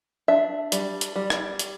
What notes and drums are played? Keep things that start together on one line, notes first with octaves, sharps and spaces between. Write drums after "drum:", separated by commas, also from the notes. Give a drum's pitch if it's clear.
D4 E5
G3, drum: hi-hat
drum: hi-hat
G3
drum: rim click
drum: hi-hat